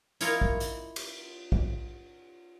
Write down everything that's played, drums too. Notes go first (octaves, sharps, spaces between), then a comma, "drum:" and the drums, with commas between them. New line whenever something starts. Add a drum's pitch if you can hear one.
E4 F4 A#4 C#5 D#5 F5, drum: hi-hat
drum: kick
drum: hi-hat
drum: cymbal
drum: kick